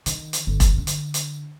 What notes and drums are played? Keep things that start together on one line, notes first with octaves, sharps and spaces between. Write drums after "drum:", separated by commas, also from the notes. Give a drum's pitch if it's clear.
D#3, drum: hi-hat
drum: hi-hat
G1
drum: kick E1, hi-hat
D3
drum: hi-hat
drum: hi-hat